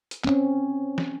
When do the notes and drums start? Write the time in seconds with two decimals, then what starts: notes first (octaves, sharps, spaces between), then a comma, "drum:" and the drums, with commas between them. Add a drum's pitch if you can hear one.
0.11 drum: hi-hat
0.25 C4 C#4, drum: clap
0.98 drum: snare